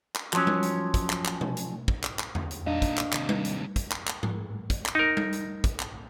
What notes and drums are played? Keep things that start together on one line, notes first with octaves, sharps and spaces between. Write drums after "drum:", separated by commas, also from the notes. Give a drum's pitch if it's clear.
drum: clap
F3 F#3 C#4, drum: clap
drum: tom G3
drum: hi-hat
drum: kick, hi-hat
drum: clap
drum: clap
drum: tom B2
drum: hi-hat
drum: kick
drum: clap
drum: clap
drum: tom E2
drum: hi-hat
A#2 D4 D#4 D#5 F5
drum: kick, hi-hat
drum: clap
D#2 C3, drum: clap
drum: tom G3
drum: hi-hat
drum: kick, hi-hat
drum: clap
drum: clap
drum: tom G#2
drum: kick, hi-hat
drum: clap
D#4 A#4
drum: tom G3
drum: hi-hat
drum: kick, hi-hat
drum: clap